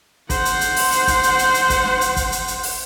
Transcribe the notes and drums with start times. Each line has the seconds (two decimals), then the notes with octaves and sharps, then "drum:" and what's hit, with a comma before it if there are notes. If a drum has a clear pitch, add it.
0.30 C5 F#5, drum: kick, hi-hat
0.45 drum: hi-hat
0.61 drum: hi-hat
0.76 drum: open hi-hat
0.92 drum: hi-hat
1.08 drum: kick, hi-hat
1.23 drum: hi-hat
1.39 drum: hi-hat
1.54 drum: hi-hat
1.70 drum: kick, hi-hat
1.85 drum: snare
2.01 drum: hi-hat
2.17 drum: kick, hi-hat
2.32 drum: hi-hat
2.48 drum: hi-hat
2.63 drum: open hi-hat